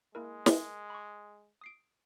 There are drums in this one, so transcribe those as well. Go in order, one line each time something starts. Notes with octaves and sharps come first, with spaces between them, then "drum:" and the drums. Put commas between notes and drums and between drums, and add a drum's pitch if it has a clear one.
G#3 A#3 E4 A#4
A#4, drum: snare
B5 C#6
D#6 C7 D7